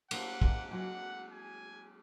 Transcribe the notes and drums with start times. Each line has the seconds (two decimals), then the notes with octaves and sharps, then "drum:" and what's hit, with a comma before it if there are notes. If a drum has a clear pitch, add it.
0.11 A#3 C4 F#5, drum: cymbal
0.42 G#3 A#3, drum: kick
0.71 F#3 G#3 F#5
1.32 G#5